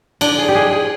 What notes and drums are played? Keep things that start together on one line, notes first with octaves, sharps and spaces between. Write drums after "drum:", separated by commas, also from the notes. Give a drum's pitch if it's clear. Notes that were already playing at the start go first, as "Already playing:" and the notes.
D3 D4, drum: cymbal
G#4
G4
G#3 G#4
G#4